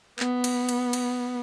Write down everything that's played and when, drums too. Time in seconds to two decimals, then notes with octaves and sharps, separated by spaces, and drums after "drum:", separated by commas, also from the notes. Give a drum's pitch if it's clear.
0.19 B3, drum: clap
0.44 drum: cymbal
0.69 drum: cymbal
0.93 drum: cymbal